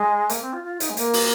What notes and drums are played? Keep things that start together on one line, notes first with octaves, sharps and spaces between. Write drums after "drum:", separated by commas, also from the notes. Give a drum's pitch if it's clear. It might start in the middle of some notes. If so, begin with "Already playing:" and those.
Already playing: G#3
A#3, drum: hi-hat
C4
F4
F4
D#4, drum: hi-hat
G#3
A#3, drum: hi-hat
drum: open hi-hat